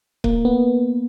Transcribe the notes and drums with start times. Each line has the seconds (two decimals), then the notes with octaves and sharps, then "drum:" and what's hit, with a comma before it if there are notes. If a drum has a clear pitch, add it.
0.24 A#3, drum: kick C#1
0.45 B3